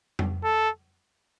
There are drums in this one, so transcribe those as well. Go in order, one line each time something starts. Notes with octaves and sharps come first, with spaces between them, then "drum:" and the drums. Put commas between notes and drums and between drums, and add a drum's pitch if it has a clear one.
drum: tom F2
A4